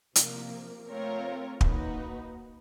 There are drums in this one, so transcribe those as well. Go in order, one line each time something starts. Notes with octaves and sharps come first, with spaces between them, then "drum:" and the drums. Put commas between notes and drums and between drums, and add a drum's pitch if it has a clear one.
C3 F3 A#3, drum: hi-hat
A3 C4 F4 A#4 C#5
A#3 D#4 F#4 B4, drum: kick